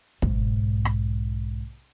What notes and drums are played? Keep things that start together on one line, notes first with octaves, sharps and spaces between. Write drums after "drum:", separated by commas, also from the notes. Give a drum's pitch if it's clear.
B1 G#2, drum: kick
drum: rim click